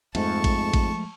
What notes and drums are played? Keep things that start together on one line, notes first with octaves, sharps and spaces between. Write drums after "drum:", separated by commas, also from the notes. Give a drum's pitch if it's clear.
F2 G#2 F3 G#3 A3 A5 C#6, drum: cymbal
drum: kick A1, cymbal
drum: kick A1, cymbal